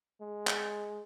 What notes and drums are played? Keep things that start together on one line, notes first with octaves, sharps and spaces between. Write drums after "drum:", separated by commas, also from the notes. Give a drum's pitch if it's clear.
G#3
drum: clap